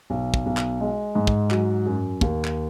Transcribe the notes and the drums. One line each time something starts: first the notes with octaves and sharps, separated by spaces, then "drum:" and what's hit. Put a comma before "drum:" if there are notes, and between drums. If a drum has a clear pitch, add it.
B1
drum: kick
B1
drum: clap
G#3
G#2
drum: kick
F#3, drum: clap
F#2
D#2, drum: kick
drum: clap